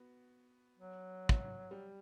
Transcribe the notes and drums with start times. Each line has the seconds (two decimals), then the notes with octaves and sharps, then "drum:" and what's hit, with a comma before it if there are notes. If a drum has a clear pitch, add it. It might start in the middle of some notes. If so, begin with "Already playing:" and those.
Already playing: B3 F#4
0.79 F#3
1.29 drum: kick
1.71 G3